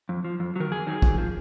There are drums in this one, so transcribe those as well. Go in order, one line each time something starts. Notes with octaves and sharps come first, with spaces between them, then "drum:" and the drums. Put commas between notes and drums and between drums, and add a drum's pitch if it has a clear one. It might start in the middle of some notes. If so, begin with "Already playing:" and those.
F2
F3
F2
D#3 F#3 A#4
F2 G#4
D#3 F#3
F2, drum: kick
F3